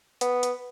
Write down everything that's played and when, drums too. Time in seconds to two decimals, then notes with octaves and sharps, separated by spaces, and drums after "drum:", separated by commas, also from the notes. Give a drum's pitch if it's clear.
0.21 B3, drum: hi-hat
0.43 drum: hi-hat